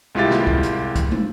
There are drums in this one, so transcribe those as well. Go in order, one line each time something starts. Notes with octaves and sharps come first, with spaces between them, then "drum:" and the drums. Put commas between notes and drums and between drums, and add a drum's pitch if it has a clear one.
C2 G#3 E4 F4 G4 A6
drum: snare
drum: kick
drum: hi-hat
drum: kick, hi-hat
drum: tom